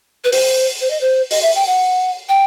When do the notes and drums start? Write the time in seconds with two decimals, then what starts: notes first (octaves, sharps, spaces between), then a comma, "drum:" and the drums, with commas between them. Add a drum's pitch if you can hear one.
0.25 B4
0.32 C5, drum: open hi-hat
0.81 C5
0.90 D#5
1.01 C5
1.31 D#5, drum: open hi-hat
1.42 E5
1.55 G5
1.67 F#5
2.29 G5